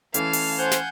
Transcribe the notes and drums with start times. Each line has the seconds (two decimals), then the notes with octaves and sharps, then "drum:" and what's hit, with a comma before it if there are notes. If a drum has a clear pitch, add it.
0.14 E3 A3 C#4 F5 A5, drum: hi-hat
0.33 drum: open hi-hat
0.58 C5 F#5 G#5 G6
0.71 drum: snare